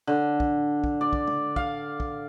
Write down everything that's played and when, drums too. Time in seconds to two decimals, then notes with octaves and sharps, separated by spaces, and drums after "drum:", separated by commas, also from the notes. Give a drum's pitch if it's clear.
0.07 D3
0.40 drum: kick
0.84 drum: kick
1.01 D5
1.13 drum: kick
1.27 drum: tom
1.56 F5, drum: kick
2.00 drum: kick